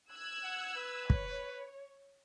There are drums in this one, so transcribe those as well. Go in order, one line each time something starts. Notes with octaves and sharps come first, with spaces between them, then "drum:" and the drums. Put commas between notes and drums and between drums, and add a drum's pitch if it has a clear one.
E6 F#6 G#6
F#5
B4
C#5, drum: kick